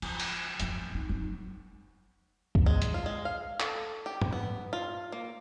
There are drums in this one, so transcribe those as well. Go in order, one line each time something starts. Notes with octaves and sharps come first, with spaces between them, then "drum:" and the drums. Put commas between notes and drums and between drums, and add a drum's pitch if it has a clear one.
F3, drum: cymbal
drum: cymbal
G2 F3, drum: hi-hat
D#4
F#3 D#4
drum: kick C2
G#3
drum: hi-hat
F4
G#3
F5
A4, drum: clap
G4
drum: tom G2
B3
F4
A#3